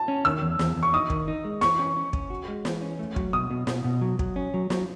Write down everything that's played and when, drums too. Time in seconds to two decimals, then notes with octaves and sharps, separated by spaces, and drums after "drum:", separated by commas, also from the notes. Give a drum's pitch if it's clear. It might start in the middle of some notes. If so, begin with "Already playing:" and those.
Already playing: A5
0.08 C#4
0.25 D#3 E6
0.42 E2
0.59 E2, drum: snare
0.76 E2
0.83 C#6
0.93 D#4 D#6
1.10 D#3, drum: kick
1.28 D#4
1.45 G#3
1.61 E3 C#6, drum: snare
1.79 C#4
1.96 C#4
2.13 C#4, drum: kick
2.30 F#4
2.48 G#3
2.65 E3, drum: snare
2.82 C#4
2.99 A3
3.16 F#3, drum: kick
3.33 B2 D#6
3.51 B2
3.67 B2, drum: snare
3.84 B2
4.01 F#3
4.19 F#3, drum: kick
4.36 C#4
4.54 F#3
4.70 F#3, drum: snare